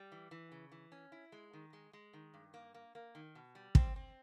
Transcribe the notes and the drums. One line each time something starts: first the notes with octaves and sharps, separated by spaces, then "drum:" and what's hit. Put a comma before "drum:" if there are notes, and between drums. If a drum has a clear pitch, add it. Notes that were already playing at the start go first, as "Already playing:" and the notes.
Already playing: G3
E3
E3
C#3
E3
C#4
E4
G#3
D#3
G#3
G#3
D#3
G2
A#3
A#3
A#3
D#3
B2
G3
C4, drum: kick
C4